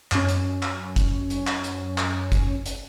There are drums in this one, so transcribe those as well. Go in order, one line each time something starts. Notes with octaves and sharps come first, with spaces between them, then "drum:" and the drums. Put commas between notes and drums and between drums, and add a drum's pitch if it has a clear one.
F#2 C#4, drum: clap
drum: hi-hat
drum: clap
drum: kick G1, hi-hat
drum: hi-hat
drum: clap
drum: hi-hat
drum: clap
drum: kick G1, hi-hat
drum: hi-hat